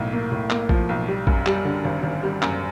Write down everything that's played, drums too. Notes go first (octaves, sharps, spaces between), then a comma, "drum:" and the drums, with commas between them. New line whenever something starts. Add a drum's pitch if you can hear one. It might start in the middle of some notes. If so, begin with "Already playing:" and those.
Already playing: B1 A2 A#3
A#3
A2
A#3, drum: clap
F3, drum: kick
B1
G3
F#2, drum: kick
G3, drum: clap
D3
G#1
G#1
G3
F#2, drum: clap